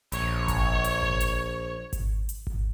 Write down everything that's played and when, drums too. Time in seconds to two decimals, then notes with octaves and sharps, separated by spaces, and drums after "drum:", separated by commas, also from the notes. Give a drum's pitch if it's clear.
0.12 A#1 C#5, drum: hi-hat
0.48 drum: kick G#1, hi-hat
0.84 drum: hi-hat
1.02 drum: kick G#1
1.20 drum: hi-hat
1.93 drum: kick G#1, hi-hat
2.29 drum: hi-hat
2.47 drum: kick G#1